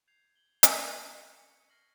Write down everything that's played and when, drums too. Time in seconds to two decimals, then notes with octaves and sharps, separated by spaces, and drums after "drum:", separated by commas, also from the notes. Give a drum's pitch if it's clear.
0.08 G6 G#6 C7 F7
0.35 F#7 G7
0.63 G#6 C#7 F#7, drum: hi-hat
1.03 C#6 B6 C#7
1.38 C#7
1.70 F6 A#6 C7 F#7